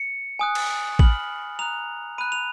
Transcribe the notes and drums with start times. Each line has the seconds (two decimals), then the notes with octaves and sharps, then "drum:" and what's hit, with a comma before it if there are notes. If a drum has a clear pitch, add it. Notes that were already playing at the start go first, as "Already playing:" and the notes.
Already playing: C#7
0.39 G#5 D#6 F#6
0.55 drum: cymbal
0.99 B5 F6 F#7, drum: kick
1.59 A#5 D#6 F#6 F7
2.18 B5 F#6 D#7
2.32 F7